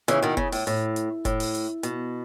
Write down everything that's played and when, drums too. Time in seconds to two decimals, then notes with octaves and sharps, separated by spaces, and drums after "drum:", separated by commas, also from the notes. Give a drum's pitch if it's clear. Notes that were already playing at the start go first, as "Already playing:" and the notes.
0.08 C#3 E3, drum: hi-hat
0.22 B2 D#3
0.37 C#3, drum: kick F1
0.52 A2, drum: open hi-hat
0.67 A2, drum: hi-hat
0.96 drum: hi-hat
1.25 A2, drum: kick F1, hi-hat
1.40 drum: open hi-hat
1.55 drum: hi-hat
1.83 B2, drum: hi-hat